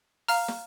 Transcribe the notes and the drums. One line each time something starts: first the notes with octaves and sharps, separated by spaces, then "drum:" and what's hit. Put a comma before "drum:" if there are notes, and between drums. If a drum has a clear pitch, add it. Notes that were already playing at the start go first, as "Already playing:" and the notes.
F5 A#5 F6, drum: open hi-hat
drum: snare